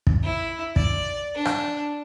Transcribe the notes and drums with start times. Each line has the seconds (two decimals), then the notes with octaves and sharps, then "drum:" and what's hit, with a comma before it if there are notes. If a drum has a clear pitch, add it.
0.07 drum: kick
0.23 E4
0.76 D5, drum: kick
1.35 D4
1.45 drum: rim click